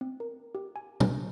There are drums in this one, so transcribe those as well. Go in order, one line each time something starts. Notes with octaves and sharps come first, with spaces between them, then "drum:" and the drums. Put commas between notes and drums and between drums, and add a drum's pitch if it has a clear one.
C4
A#4
G4
G#5
D4, drum: tom A#2